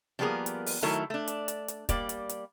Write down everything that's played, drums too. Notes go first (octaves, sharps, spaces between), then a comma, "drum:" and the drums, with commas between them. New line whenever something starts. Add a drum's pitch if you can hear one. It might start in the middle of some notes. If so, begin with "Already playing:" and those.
F3 G3 A#3 B3 G#4 A#4
drum: hi-hat
drum: open hi-hat
D#3 F#3 A3 E4 A4 A#4
A3 D4
drum: hi-hat
drum: hi-hat
drum: hi-hat
G3 A#3 D5, drum: kick, hi-hat
drum: hi-hat
drum: hi-hat